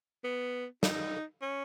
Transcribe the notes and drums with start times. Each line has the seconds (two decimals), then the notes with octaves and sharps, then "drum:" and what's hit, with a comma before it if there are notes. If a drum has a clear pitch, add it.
0.24 B3
0.83 D#4, drum: snare
1.42 C#4